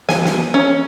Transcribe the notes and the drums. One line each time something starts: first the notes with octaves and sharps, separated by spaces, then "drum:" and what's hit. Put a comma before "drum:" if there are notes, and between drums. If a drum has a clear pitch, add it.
G#5, drum: snare
drum: snare
C#4